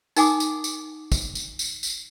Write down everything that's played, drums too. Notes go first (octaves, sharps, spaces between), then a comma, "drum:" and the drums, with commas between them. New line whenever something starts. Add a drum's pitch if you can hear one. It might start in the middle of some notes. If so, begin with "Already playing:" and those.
D#4 A#4 F#5 G#5 D6 D#6, drum: tambourine
drum: tambourine
drum: tambourine
drum: kick, tambourine
drum: tambourine
drum: tambourine
drum: tambourine